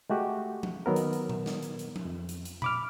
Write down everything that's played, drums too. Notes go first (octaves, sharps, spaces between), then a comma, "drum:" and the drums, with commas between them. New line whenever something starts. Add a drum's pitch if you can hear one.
G#3 A3 F#4 G4
drum: tom F3
D#3 F#3 B3 A#4
drum: hi-hat
drum: hi-hat
drum: tom A#2
drum: snare
drum: hi-hat
drum: hi-hat
drum: tom F3
F2
drum: hi-hat
drum: hi-hat
B5 D6 F6, drum: tom A#2